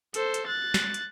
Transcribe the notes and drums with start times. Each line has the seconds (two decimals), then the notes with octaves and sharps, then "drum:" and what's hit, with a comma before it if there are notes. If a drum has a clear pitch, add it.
0.14 A4 C5, drum: hi-hat
0.34 drum: hi-hat
0.46 F#6 A6
0.74 drum: snare
0.94 drum: hi-hat